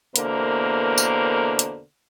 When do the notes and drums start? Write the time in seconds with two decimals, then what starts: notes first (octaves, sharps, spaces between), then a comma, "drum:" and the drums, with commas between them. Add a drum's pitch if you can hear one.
0.16 E2 B2 D3 A#3 A#4 C5, drum: hi-hat
0.98 drum: tambourine
1.59 drum: hi-hat